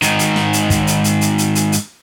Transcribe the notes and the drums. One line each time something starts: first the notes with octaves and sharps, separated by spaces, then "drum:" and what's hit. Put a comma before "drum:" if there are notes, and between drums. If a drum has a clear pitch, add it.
G#2 D#3, drum: hi-hat
drum: hi-hat
drum: snare
drum: hi-hat
drum: kick, hi-hat
drum: hi-hat
drum: hi-hat
drum: hi-hat
drum: hi-hat
drum: hi-hat
drum: hi-hat